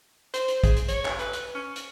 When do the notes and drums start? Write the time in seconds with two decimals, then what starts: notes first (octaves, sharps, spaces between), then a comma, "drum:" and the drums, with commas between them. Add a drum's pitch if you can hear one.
0.34 C5, drum: hi-hat
0.48 drum: hi-hat
0.64 G#4, drum: kick, hi-hat
0.77 drum: hi-hat
0.88 C#5, drum: hi-hat
1.05 drum: clap
1.19 B4, drum: hi-hat
1.33 drum: hi-hat
1.55 C#4
1.76 drum: hi-hat